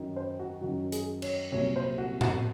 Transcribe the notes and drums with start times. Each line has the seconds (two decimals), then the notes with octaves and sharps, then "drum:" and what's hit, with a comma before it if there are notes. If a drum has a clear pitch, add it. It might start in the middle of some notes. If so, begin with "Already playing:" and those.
Already playing: F#2 D#3 F#3
0.16 C5
0.40 F#4
0.61 F#2 D#3 F#3 F#4
0.92 G#4, drum: hi-hat
1.22 C#5, drum: cymbal
1.52 C2 A#2 F#3 C#5
1.76 C5
1.98 F#4
2.21 F#4, drum: tom A2